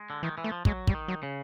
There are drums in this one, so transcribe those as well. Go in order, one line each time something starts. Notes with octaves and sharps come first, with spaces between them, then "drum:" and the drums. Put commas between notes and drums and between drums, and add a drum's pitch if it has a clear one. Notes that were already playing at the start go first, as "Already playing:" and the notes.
Already playing: G#3
D3
D#3 E3
E3
A3
F3
F#3 G#3, drum: kick
G3, drum: kick
D#3
F#3
C#3